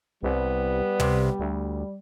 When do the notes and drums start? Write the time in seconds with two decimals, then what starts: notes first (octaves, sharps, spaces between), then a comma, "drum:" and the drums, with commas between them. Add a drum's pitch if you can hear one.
0.23 C2 G3 B3
1.00 C3, drum: tom
1.39 D2